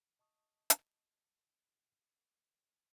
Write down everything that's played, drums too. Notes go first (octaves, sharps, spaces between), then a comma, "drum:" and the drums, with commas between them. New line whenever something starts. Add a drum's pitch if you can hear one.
D#5 A5 C#6 D#6
drum: hi-hat